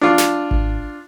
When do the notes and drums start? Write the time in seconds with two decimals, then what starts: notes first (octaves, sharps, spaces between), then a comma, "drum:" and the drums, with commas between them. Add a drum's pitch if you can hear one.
0.01 D4 F4
0.18 drum: snare
0.51 drum: kick G#1